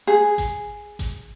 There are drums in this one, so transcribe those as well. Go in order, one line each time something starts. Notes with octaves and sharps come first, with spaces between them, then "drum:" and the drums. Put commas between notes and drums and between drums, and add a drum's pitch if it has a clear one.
G#4
drum: kick G#1, hi-hat
drum: kick G#1, hi-hat